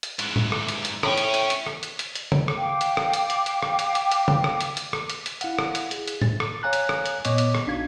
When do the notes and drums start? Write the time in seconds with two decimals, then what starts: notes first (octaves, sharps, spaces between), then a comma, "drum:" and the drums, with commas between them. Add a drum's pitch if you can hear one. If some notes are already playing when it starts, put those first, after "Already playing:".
0.03 drum: hi-hat
0.19 G#2 E3, drum: hi-hat
0.36 drum: tom
0.52 drum: rim click
0.68 drum: hi-hat
0.85 drum: hi-hat
1.03 E2 A2 C#4 G5, drum: rim click
1.17 drum: hi-hat
1.34 drum: hi-hat
1.50 drum: hi-hat
1.66 drum: rim click
1.83 drum: hi-hat
1.99 drum: hi-hat
2.15 drum: hi-hat
2.32 drum: tom
2.48 drum: rim click
2.57 F5 G5 D6
2.81 drum: hi-hat
2.97 drum: rim click
3.13 drum: hi-hat
3.30 drum: hi-hat
3.46 drum: hi-hat
3.63 drum: rim click
3.79 drum: hi-hat
3.95 drum: hi-hat
4.12 drum: hi-hat
4.28 drum: tom
4.44 drum: rim click
4.61 drum: hi-hat
4.77 drum: hi-hat
4.93 drum: rim click
5.10 drum: hi-hat
5.26 drum: hi-hat
5.41 E4 F5 F#5, drum: hi-hat
5.59 drum: rim click
5.75 drum: hi-hat
5.91 G#4, drum: hi-hat
6.08 drum: hi-hat
6.21 A6, drum: tom
6.40 drum: rim click
6.63 C#5 F5 G#5 A#5 F#6
6.73 drum: hi-hat
6.89 drum: rim click
7.06 drum: hi-hat
7.25 A#2 B3 C#5 D#5 C#6 D6, drum: hi-hat
7.38 drum: hi-hat
7.55 drum: rim click
7.67 A#1 D4 D#4 F#4 F5 G#6